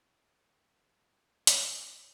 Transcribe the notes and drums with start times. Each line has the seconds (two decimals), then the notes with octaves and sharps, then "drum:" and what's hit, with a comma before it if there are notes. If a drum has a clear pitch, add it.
1.47 C#5, drum: hi-hat